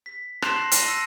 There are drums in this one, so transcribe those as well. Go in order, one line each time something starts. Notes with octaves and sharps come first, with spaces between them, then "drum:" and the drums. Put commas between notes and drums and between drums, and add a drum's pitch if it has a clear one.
B6
A5 C6 F#6 C7 E7 F#7, drum: rim click
A#6 C7
F6 A#6 D#7, drum: hi-hat
E6 A#6 C#7 D#7